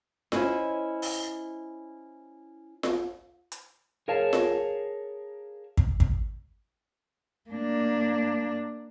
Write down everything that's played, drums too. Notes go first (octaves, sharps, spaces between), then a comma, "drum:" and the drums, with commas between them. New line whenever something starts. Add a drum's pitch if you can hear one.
C#4 E4 C5 C#5 D#5, drum: snare F4
drum: open hi-hat
drum: snare F4
drum: hi-hat
G#4 A#4 C#5 F5 A5
drum: snare F4
drum: kick
drum: kick
A#3 D4